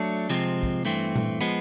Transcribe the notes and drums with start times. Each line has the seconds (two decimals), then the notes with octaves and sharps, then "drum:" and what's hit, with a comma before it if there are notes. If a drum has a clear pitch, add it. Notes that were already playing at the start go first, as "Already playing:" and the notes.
Already playing: F#3 A3 D4
0.29 C3 F3 G#3 C4
0.63 drum: kick
0.85 G2 E3 A3 C4
1.16 drum: tom A#2
1.41 F3 G#3 B3